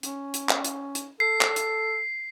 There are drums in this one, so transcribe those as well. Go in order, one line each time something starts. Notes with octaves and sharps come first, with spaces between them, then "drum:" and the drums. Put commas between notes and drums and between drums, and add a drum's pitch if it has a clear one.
C#4, drum: hi-hat
drum: hi-hat
drum: clap
drum: hi-hat
drum: hi-hat
A4 C7
drum: clap
drum: hi-hat